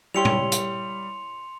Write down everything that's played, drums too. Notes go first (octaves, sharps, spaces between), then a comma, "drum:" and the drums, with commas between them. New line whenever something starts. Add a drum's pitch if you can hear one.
G3 E4 G4 C#5 C6 C#7 F7
drum: tom
drum: hi-hat